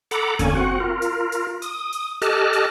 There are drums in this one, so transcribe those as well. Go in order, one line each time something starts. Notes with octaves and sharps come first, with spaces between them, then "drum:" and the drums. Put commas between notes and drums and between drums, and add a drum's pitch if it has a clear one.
A4 F#5 A#5 B5 D6, drum: hi-hat
E2 D3 A#3 C#4 G#5, drum: kick F#1, hi-hat
C4 F#4 F#5
F4 A#4
drum: hi-hat
drum: hi-hat
D#6, drum: hi-hat
drum: hi-hat
G4 A4 D#5 A5 F6 F#6, drum: hi-hat
drum: hi-hat